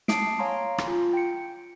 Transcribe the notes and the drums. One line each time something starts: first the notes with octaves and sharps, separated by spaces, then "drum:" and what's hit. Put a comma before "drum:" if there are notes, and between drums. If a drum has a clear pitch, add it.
A5 D6 D#6 C7 D7, drum: snare
C#5 F5 G#5 A#5 C6
drum: rim click
F4
G5 C#7